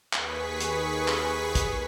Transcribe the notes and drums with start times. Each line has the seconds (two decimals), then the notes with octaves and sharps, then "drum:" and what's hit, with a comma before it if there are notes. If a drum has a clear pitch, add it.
0.13 D#2 G#4 B4 C#6 B6, drum: clap
0.61 drum: hi-hat
1.08 drum: clap
1.55 drum: kick, hi-hat